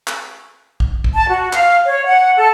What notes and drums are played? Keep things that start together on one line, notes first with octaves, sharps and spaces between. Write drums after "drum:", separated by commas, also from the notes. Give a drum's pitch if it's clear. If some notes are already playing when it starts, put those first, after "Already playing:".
drum: clap
drum: kick
drum: kick
A5
F#4
F5, drum: clap
C#5
F#5
A4